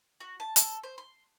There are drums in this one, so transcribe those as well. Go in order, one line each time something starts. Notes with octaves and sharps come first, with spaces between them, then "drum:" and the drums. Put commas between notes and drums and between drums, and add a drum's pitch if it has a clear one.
F#4
A5
A4, drum: hi-hat
C5
C6